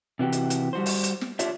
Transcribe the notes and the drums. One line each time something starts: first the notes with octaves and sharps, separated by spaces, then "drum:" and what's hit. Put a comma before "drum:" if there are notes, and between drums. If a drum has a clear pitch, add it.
C3 E3 F#4 G4
drum: hi-hat
drum: hi-hat
G3 F#4 C5
drum: open hi-hat
drum: hi-hat
drum: snare
D4 F4 G4 C#5 E5, drum: hi-hat